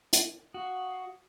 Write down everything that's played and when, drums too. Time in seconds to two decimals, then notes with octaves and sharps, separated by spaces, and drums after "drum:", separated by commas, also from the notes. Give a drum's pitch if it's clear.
0.13 drum: hi-hat
0.54 F#4 F5 C#6 D#6